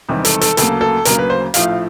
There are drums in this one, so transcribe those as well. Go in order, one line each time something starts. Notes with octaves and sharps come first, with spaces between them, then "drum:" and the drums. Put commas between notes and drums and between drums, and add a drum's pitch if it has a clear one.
E1 E2 C3 D#3 G3
A4, drum: hi-hat
A4, drum: hi-hat
D2 C#3 F#3 A#3 A4, drum: hi-hat
A4
D2 C#3 F#3 A#3 A#4, drum: hi-hat
B4
C5
A#1 A2 F3 A3 F5, drum: hi-hat